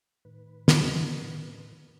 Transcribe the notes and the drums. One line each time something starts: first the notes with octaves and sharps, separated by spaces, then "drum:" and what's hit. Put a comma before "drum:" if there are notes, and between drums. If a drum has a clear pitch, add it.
A2 D#3 B4
drum: snare